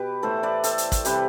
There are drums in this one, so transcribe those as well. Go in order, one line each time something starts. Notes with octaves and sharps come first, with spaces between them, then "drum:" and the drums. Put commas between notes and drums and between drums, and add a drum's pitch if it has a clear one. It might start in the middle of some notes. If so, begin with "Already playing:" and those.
Already playing: B2 G4 B4
A2 E3 A3 A4 C5
B4 D5
A4 C5, drum: hi-hat
drum: hi-hat
drum: kick, hi-hat
C3 E3 G3 G4 B4, drum: hi-hat